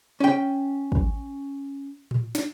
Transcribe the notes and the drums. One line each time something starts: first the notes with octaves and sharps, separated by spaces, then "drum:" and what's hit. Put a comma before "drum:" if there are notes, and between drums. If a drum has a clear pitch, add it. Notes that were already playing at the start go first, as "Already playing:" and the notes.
C#4 G5
drum: kick
drum: tom A2
drum: snare